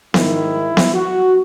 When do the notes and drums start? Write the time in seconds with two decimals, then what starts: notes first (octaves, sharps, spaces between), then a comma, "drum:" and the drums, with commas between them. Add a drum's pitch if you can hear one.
0.14 G#2 D#3 E4, drum: snare B3
0.77 drum: snare B3
0.95 F#4